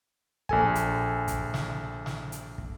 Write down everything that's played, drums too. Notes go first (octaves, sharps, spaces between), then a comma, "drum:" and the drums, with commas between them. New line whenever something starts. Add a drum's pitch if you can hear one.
A#1 A4 G#5, drum: kick
drum: hi-hat
drum: kick, hi-hat
drum: snare
drum: snare
drum: hi-hat
drum: kick